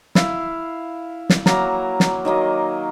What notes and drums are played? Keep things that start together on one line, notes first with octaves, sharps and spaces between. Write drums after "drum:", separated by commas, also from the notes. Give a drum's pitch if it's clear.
E4 F5, drum: snare
drum: snare
F#3 A#3 E4 A#5, drum: snare
drum: snare
D#3 F#3 A#3 D#5